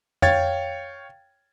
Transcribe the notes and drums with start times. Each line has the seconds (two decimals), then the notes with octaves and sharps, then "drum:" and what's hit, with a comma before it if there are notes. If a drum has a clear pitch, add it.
0.22 C#5 F5 G5 G#6 A6, drum: tom F2